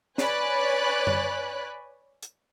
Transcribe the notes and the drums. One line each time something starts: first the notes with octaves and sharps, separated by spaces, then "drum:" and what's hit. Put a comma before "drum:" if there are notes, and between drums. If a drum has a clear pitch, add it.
B4 C#5 D5 G#5 B5 F#6, drum: snare
drum: tom F#2
drum: hi-hat